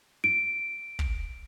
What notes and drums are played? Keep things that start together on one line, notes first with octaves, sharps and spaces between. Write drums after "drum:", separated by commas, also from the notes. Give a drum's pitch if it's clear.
D7
drum: kick